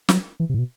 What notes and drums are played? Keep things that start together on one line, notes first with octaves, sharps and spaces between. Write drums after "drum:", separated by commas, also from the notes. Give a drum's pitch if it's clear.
F#3, drum: snare
E3
C3
A2
B2